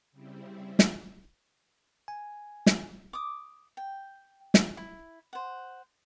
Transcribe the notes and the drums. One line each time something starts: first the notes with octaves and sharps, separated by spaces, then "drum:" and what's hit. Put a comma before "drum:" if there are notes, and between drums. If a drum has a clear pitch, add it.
C#3 G3 C4 E4
drum: snare
G#5
drum: snare
D6 D#6
G5
drum: snare
E4
C5 F#5